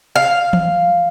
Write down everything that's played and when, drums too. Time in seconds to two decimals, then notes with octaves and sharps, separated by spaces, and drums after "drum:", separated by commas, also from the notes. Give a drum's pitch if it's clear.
0.16 F5
0.53 drum: tom E3